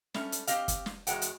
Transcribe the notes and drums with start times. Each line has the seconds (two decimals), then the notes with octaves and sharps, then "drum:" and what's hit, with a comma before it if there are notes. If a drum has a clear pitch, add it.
0.14 G3 A3 C#4, drum: snare
0.32 drum: hi-hat
0.47 C4 G4 D#5 F5, drum: hi-hat
0.68 drum: kick, hi-hat
0.86 drum: snare
1.07 E2 G#3 F#4 A#4 F#5 G5, drum: hi-hat
1.22 drum: hi-hat